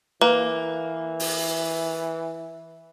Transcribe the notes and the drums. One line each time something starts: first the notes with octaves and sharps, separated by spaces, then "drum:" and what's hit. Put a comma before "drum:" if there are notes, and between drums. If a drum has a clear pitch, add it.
E3 A#3 B4
drum: open hi-hat